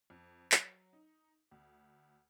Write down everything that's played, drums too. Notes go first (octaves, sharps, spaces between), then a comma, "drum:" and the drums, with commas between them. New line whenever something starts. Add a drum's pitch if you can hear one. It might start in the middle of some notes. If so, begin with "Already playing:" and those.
F2
F#3, drum: clap
D#4
D2